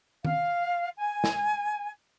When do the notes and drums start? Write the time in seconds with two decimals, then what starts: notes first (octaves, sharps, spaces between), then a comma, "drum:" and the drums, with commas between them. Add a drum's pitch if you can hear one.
0.25 F5, drum: tom D#3
0.96 G#5
1.24 drum: snare